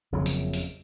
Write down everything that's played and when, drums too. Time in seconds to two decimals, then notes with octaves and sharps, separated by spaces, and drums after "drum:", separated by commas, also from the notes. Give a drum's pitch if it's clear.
0.12 F#1 F2 C#3 F#3
0.26 drum: hi-hat
0.54 drum: hi-hat